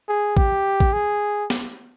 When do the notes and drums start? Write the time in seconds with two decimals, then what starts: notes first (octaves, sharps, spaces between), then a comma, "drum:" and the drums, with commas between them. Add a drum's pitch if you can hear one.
0.08 G#4
0.37 G4, drum: kick A1
0.80 drum: kick A1
0.93 G#4
1.50 drum: snare